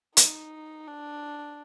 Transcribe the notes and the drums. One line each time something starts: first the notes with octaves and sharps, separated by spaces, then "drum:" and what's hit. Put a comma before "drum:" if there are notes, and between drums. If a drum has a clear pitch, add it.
D#4, drum: hi-hat
D4